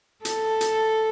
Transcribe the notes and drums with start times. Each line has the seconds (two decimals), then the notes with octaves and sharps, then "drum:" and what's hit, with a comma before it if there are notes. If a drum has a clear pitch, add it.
0.25 A4, drum: hi-hat
0.61 drum: hi-hat